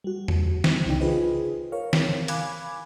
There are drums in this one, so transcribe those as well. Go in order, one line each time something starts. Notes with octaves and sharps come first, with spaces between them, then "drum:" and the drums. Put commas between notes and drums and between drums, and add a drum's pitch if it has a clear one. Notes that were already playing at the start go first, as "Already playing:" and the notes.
G3 F#4
drum: tom E2
drum: snare
C2 C#3 D4 D#4 G5
F4 G#4 B4 C5 D#5
A#4 C#5 F5
drum: snare
F5 G#5 B5 D6 F#6 G#6, drum: hi-hat